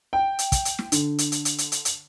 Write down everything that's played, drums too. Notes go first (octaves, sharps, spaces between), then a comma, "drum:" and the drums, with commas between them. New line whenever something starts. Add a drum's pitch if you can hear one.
G5
drum: hi-hat
drum: kick, hi-hat
drum: hi-hat
drum: snare
D3, drum: hi-hat
drum: hi-hat
drum: hi-hat
drum: hi-hat
drum: hi-hat
drum: hi-hat
drum: hi-hat